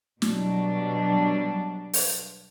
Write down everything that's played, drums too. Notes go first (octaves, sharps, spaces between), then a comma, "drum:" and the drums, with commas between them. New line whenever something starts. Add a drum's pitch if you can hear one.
B2 F#3 G3 D4, drum: snare
drum: open hi-hat